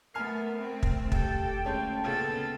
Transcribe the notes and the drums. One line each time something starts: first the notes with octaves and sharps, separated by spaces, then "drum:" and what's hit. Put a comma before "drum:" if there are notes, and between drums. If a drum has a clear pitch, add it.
A3 B3 A#4 G#5 F6 C7
A3 C4
drum: kick
G4 A4 G5, drum: kick
D2 G#3 C#4 G#4 A5
A#2 C#3 B3 A4